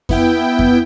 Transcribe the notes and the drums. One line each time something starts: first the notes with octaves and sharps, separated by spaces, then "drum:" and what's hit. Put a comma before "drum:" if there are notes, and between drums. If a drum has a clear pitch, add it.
B3 E4 G5, drum: kick F2
drum: kick F2